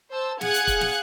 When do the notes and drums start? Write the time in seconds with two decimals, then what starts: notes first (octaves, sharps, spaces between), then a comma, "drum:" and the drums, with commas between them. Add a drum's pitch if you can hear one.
0.12 C5 A5 E6
0.41 G#4 F5 F#5 F#6 G#6 C#7, drum: snare
0.54 drum: hi-hat
0.67 drum: kick, hi-hat
0.81 drum: snare